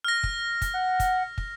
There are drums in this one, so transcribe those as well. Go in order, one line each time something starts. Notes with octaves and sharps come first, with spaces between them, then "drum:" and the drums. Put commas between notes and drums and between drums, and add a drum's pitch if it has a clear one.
F6 A#6
drum: kick
drum: kick, hi-hat
F#5
drum: kick, hi-hat
drum: kick